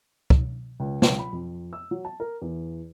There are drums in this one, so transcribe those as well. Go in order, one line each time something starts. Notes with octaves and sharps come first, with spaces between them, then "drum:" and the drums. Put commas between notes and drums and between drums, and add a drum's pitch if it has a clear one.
drum: kick
C#2
C#2, drum: snare
B5
F2
E6
F#3
A5
A#4
E2